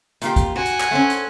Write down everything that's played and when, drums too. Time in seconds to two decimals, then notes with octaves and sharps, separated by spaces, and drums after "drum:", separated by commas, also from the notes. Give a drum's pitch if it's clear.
0.22 A#2 F4 G4, drum: hi-hat
0.36 drum: kick, hi-hat
0.56 F#4 F#5 G#5
0.66 drum: hi-hat
0.80 drum: clap
0.91 A3 C4 C#4
1.10 drum: hi-hat